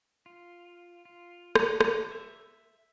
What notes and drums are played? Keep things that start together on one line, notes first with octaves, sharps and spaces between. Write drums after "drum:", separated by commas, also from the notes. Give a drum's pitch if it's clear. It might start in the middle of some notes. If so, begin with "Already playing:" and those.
F4
F4
drum: rim click
drum: rim click
E5